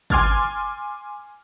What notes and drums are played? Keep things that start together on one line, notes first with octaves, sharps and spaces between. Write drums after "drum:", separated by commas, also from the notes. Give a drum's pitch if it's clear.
G#5 C6 D6 F6 G#6 A6, drum: kick